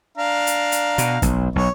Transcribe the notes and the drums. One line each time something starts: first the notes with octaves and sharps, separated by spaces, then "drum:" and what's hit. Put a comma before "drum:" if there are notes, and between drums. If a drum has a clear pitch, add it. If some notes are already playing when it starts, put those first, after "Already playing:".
D4 F5 A#5
drum: hi-hat
drum: hi-hat
B2, drum: hi-hat
B1, drum: kick, hi-hat
B1 C#5